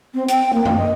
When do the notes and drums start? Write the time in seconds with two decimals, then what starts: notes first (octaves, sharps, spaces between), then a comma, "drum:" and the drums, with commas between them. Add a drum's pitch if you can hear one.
0.14 C4
0.28 G5, drum: hi-hat
0.53 A#3
0.65 drum: tom F#2
0.77 D#5